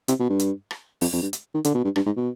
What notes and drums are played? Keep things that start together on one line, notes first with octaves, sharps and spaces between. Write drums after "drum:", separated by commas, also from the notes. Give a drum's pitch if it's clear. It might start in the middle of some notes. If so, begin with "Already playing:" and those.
C3, drum: hi-hat
B2
G2
drum: hi-hat
drum: rim click
F2, drum: open hi-hat
F2
G2
drum: hi-hat
D#3
D3, drum: hi-hat
B2
G2
G2, drum: rim click
G#2
B2